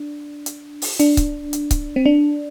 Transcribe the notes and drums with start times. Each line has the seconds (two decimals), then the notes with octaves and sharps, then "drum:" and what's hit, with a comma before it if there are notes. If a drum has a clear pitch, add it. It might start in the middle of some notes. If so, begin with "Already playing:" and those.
Already playing: D4
0.46 drum: hi-hat
0.82 drum: open hi-hat
1.00 D4, drum: hi-hat
1.17 drum: kick C#1, hi-hat
1.53 drum: hi-hat
1.71 drum: kick C#1, hi-hat
1.96 C4
2.06 D4